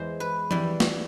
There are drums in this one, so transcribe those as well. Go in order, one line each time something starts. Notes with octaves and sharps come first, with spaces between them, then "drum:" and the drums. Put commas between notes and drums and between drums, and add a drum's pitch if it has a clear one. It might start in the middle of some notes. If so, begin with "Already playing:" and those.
Already playing: E2 E3 G#3 C5
B4
E3 G3, drum: tom E3
drum: snare